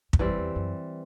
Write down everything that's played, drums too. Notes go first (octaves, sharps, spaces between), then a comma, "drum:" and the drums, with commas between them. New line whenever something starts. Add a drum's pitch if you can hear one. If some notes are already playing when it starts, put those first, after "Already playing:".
E2, drum: kick
F#2 E3 G3 C4
E2
F#2